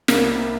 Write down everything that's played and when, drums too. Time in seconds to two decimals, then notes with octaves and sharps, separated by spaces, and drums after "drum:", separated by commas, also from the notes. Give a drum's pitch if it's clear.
0.08 C2 C3 G3 A#3, drum: snare